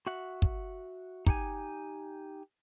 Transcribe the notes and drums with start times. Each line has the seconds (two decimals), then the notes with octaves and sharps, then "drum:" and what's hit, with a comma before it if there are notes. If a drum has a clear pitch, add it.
0.07 F#4 E5 F#5
0.42 drum: kick
1.26 D#4 G4 F#5 G#5, drum: kick